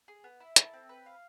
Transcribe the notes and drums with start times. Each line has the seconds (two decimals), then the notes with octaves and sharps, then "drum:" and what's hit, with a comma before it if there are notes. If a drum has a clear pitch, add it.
0.08 G#4
0.24 B3
0.40 E4
0.56 A4, drum: hi-hat
0.73 C4
0.89 B4
1.06 F5